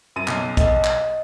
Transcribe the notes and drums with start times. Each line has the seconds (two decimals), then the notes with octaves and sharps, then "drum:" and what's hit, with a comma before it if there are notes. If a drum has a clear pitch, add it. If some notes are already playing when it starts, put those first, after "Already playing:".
0.16 F#2 D#7
0.28 B1, drum: clap
0.57 D#5, drum: kick, hi-hat
0.84 drum: clap